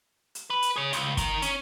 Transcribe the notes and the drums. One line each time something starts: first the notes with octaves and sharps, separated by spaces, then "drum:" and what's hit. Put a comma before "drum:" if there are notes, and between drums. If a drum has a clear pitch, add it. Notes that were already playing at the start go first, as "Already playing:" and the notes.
drum: hi-hat
B4
drum: hi-hat
G#4 C#5
C#2, drum: hi-hat
D#3 A#4, drum: kick, hi-hat
C#4, drum: hi-hat